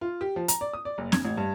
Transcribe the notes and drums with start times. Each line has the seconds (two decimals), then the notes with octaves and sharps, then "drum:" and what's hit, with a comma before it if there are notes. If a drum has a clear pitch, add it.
0.01 F4
0.21 G4
0.36 F3
0.48 A#5, drum: hi-hat
0.61 D5
0.73 D#6
0.85 D5
0.98 F#1
1.12 G#6, drum: snare
1.25 A1
1.37 G2